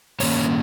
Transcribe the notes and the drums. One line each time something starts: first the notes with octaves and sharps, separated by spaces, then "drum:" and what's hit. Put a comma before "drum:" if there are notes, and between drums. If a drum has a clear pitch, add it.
G2 D#3 A#3 C#4 C#5, drum: open hi-hat